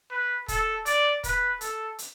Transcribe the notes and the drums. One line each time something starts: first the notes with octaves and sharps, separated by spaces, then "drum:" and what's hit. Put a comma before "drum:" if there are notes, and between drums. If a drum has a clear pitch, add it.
B4
A4, drum: kick, hi-hat
D5, drum: hi-hat
B4, drum: kick, hi-hat
A4, drum: hi-hat
drum: hi-hat